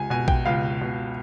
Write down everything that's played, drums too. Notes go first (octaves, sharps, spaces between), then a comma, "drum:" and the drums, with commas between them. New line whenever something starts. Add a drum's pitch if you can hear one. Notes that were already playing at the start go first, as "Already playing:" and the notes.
Already playing: C#2 G#5
B2 G#5
G5, drum: kick
C#2 F5
B2